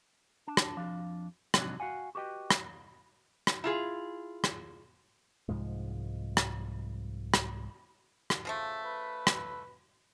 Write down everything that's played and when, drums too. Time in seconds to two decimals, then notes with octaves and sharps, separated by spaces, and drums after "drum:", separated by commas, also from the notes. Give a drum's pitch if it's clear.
0.47 D4 A5
0.57 drum: rim click
0.77 F2 F3 D4 F5
1.54 F2 G#2 C3 F#3 D4 D#4, drum: rim click
1.80 F#4 F5 F#5 G#5
2.15 F#4 G4 B4 D#5 G5
2.51 drum: rim click
3.47 drum: rim click
3.64 E4 F4 G#4
4.44 drum: rim click
5.49 C2 G#2 F3 G#3
6.37 drum: rim click
7.34 drum: rim click
8.30 drum: rim click
8.45 C#3 F3 A3
8.85 B4
9.27 drum: rim click